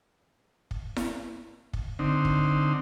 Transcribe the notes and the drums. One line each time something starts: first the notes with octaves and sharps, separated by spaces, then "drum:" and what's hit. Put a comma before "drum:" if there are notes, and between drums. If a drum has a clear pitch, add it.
drum: kick
drum: snare E4
drum: kick
D3 C4 D#4
drum: kick